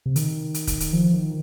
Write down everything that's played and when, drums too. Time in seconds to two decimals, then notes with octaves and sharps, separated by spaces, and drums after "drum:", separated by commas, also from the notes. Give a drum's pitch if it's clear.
0.06 C3
0.16 D#3, drum: hi-hat
0.54 drum: hi-hat
0.67 drum: kick, hi-hat
0.80 drum: hi-hat
0.93 F3
1.13 D#3